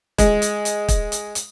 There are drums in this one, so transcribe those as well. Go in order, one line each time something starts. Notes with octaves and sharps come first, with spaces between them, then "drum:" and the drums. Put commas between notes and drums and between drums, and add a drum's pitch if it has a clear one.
G#3, drum: kick, hi-hat
drum: hi-hat
drum: hi-hat
drum: kick, hi-hat
drum: hi-hat
drum: hi-hat